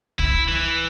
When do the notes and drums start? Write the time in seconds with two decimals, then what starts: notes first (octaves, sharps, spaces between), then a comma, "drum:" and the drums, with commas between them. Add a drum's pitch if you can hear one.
0.19 E4, drum: kick
0.48 E3